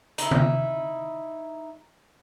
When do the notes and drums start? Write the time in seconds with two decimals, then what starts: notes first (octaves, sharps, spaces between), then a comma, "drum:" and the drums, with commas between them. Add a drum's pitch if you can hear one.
0.18 D#4 E4, drum: hi-hat
0.31 drum: tom D3